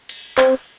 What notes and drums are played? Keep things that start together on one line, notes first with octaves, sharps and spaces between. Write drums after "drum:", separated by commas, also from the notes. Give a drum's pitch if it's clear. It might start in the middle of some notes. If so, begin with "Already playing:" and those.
drum: cymbal
C4, drum: clap